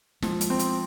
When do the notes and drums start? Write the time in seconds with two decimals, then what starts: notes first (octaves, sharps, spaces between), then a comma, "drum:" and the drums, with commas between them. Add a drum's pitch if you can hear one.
0.22 F3 G#3, drum: snare
0.41 drum: hi-hat
0.50 C4
0.59 drum: hi-hat